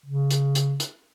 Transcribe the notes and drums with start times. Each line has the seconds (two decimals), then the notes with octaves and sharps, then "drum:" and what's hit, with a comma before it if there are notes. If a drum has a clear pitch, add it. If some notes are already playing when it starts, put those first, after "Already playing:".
0.06 C#3
0.31 drum: hi-hat
0.55 drum: hi-hat
0.80 drum: hi-hat